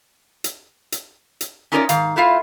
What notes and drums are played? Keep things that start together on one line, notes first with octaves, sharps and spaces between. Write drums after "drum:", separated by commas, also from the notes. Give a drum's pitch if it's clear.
drum: hi-hat
drum: hi-hat
drum: hi-hat
C#4 D#4 F4 A#4 C#5 D5
G#2 D#3 F5, drum: hi-hat
A3 E4 F4 F5